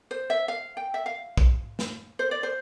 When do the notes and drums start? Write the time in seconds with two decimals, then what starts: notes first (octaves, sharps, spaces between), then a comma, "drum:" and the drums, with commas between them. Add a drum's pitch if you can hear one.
0.11 C5
0.30 E5
0.48 F5
0.77 G5
0.94 E5
1.06 F5
1.37 drum: kick
1.79 drum: snare
2.19 C5
2.31 D5
2.43 C5